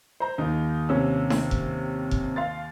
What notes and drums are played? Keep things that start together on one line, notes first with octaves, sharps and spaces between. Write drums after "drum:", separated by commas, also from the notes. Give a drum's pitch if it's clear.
C5 A#5
D#2 D#4
C3 C#4 E6
drum: snare D#4
drum: kick F1
drum: kick F1
F5 C6 A6